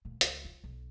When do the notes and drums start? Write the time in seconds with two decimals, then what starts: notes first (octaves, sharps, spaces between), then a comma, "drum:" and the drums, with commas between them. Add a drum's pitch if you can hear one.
0.05 D2 A#2
0.21 C#2, drum: hi-hat
0.45 F4
0.64 B1